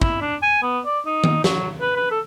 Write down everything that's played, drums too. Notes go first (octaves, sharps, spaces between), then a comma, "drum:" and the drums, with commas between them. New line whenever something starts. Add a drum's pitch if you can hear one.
E4, drum: kick
D4
G#5
B3
D5
D#4
drum: tom D#3
F#3, drum: snare
B4
B4
A4